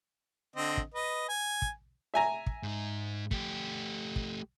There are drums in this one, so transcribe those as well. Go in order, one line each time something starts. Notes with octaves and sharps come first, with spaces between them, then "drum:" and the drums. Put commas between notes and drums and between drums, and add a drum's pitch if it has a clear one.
D3 C4 D#5
drum: kick
B4 D#5
G#5
drum: kick
E5 G#5 A#5
drum: kick
G#2 D#4
A3 G4, drum: kick
drum: kick